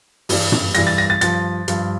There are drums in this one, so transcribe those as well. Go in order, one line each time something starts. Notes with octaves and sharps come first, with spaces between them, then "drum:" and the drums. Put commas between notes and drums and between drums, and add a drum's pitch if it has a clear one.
G2 E3 G3, drum: open hi-hat
drum: tom
G2 E3 G3 A#6, drum: hi-hat
A6
A#6
A6
G2 F3 A6, drum: hi-hat
G2 F3, drum: hi-hat